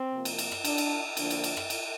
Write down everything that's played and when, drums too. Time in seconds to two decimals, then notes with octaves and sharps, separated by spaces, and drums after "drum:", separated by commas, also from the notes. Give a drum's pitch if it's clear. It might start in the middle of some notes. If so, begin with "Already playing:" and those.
Already playing: C4
0.12 C3 F3 A#3
0.25 drum: cymbal
0.38 drum: cymbal
0.52 drum: rim click
0.65 D4, drum: cymbal
0.78 drum: cymbal
1.17 D3 F3 A#3 D4, drum: cymbal
1.31 drum: cymbal
1.44 drum: cymbal
1.57 drum: rim click
1.70 drum: cymbal